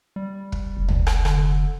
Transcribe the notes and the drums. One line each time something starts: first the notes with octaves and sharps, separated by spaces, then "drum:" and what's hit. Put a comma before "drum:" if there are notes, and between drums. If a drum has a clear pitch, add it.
G3
drum: kick
F1
drum: tom C#2
drum: rim click
D3, drum: rim click